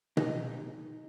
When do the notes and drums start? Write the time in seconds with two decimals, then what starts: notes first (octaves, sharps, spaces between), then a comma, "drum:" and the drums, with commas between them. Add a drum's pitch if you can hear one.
0.17 D#4, drum: tom B2